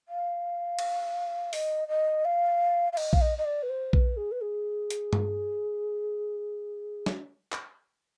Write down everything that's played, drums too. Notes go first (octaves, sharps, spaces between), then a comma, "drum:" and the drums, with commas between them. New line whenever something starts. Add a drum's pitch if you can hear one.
F5
drum: cymbal
D#5, drum: open hi-hat
D#5
F5
F5
D#5, drum: cymbal
F5, drum: kick A#1
D#5
D#5
D5
B4
C5
B4, drum: kick A#1
G#4
B4
G#4
drum: hi-hat
drum: tom G2
drum: snare
drum: clap